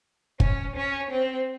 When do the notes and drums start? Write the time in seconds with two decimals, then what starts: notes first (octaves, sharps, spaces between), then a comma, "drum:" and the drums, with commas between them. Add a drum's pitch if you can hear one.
0.40 C#4, drum: kick
0.76 C#4
1.11 C4